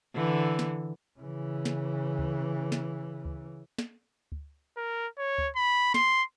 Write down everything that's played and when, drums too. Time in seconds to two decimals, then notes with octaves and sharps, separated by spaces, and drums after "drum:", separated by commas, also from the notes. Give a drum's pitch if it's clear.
0.14 D3 E3
0.59 drum: snare
1.20 C#3 E3
1.65 drum: snare
2.19 drum: kick D2
2.72 drum: snare
3.25 drum: kick D2
3.78 drum: snare
4.32 drum: kick D2
4.77 A#4
5.18 C#5
5.38 drum: kick D2
5.56 B5
5.94 C6, drum: snare